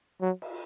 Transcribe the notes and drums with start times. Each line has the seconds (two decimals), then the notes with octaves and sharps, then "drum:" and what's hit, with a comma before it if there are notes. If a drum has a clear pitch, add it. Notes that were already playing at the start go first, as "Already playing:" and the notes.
0.21 F#3
0.42 drum: cymbal